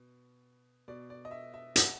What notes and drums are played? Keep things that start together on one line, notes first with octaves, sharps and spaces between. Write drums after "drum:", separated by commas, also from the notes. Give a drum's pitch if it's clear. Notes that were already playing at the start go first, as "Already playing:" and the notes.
Already playing: B2
B2 D5
D5
D#5
E5
E5
F#5, drum: hi-hat